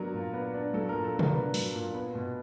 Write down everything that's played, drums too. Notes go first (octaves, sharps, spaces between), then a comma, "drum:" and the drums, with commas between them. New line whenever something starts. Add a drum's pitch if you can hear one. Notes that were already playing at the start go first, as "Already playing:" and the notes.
Already playing: F#3 B3 D4 A#4
A#2
B3
D4
F#3 A4
A#2 A#4
A4
B3
A#4, drum: tom
D4 B4
F#3, drum: open hi-hat
A#2
B3
B2